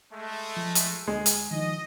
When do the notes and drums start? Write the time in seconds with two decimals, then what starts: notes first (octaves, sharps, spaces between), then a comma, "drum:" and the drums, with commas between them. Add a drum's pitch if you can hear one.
0.13 G#3 A3
0.57 F3
0.75 drum: hi-hat
1.08 D2 G#3
1.26 drum: hi-hat
1.51 D#3 F3 D#4 D#5